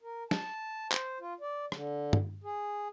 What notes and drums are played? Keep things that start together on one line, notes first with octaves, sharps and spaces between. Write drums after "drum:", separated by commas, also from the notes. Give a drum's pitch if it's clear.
A#4
A5, drum: snare
C5, drum: clap
F4
D5
D3, drum: rim click
drum: tom
G#4